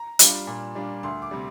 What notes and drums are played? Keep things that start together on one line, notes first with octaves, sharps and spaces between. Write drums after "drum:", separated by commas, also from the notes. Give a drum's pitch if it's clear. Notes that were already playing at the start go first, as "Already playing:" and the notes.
Already playing: A#5
G3 D4 F4, drum: hi-hat
A#2
G3 D4 F4
D2 C6
D6
C3 G3